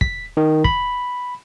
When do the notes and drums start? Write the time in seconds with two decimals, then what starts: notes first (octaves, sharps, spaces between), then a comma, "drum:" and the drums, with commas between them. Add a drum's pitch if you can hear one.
0.01 B6, drum: kick
0.37 D#3
0.64 B5, drum: kick